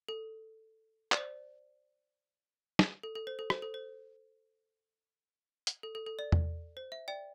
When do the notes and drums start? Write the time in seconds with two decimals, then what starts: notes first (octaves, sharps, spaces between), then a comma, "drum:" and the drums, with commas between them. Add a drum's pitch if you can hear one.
0.09 A4
1.12 D5, drum: clap
1.17 C5
2.79 drum: snare
3.03 A4
3.15 A4
3.27 C5
3.39 A4
3.50 C5, drum: rim click
3.62 A4
3.74 C5
5.67 drum: hi-hat
5.83 A4
5.95 A4
6.07 A4
6.19 D5
6.32 drum: tom E2
6.77 C5
6.92 E5
7.08 D5 G5